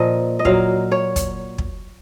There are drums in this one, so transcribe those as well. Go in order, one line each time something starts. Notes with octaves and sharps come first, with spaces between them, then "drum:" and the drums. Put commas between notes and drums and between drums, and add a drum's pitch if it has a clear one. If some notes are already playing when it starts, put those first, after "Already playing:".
Already playing: A#2 F3 A#3 D#5
D#5
A#2 F#3 A#3 F5, drum: kick
C#5
drum: kick, hi-hat
drum: kick